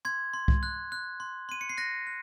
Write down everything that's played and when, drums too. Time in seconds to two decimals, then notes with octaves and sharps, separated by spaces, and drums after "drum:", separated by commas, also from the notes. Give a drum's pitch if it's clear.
0.05 C6 G#6
0.33 C6
0.48 drum: kick C2
0.63 F#6
0.92 F#6
1.20 C6
1.49 C6 D#7
1.61 C#7
1.69 C7
1.77 F#6 A#6
2.07 F#6